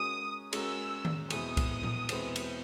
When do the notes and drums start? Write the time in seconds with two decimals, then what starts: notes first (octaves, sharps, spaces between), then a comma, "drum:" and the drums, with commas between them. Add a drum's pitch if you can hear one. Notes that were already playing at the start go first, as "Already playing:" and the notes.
Already playing: G#3 C#4 F#4 A#4 D#6
0.53 G#3 C#4 F#4 A#4 E6, drum: cymbal
1.05 drum: tom D#3
1.30 E2 B2 G#3 C4 E4 D#6, drum: cymbal
1.57 drum: kick C2, cymbal
1.83 drum: tom A#2
2.09 E2 B2 G#3 C4 E4, drum: cymbal
2.36 drum: cymbal